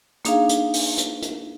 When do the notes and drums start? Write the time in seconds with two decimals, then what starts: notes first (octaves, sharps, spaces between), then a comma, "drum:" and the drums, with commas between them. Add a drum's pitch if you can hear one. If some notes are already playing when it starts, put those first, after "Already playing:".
0.25 A#3 D4 D#4 G#4 F5, drum: hi-hat
0.49 drum: hi-hat
0.73 drum: open hi-hat
0.98 drum: hi-hat
1.22 drum: hi-hat